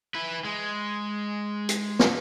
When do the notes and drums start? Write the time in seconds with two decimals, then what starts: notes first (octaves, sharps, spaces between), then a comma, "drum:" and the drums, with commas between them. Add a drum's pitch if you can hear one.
0.14 E4 B4
0.44 G#3
1.69 drum: hi-hat
1.99 drum: snare